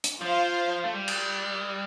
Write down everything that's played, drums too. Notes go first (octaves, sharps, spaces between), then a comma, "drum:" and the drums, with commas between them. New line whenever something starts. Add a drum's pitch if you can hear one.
drum: hi-hat
F3 F4 C5 F5
A3
G3
drum: cymbal